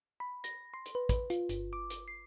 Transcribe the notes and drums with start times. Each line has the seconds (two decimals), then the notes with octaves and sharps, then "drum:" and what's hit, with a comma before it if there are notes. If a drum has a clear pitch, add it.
0.20 B5
0.44 A#6, drum: hi-hat
0.74 C6
0.86 drum: hi-hat
0.95 B4
1.09 B4, drum: kick, hi-hat
1.30 F4, drum: hi-hat
1.49 G1, drum: hi-hat
1.73 D6
1.90 drum: hi-hat
2.08 C7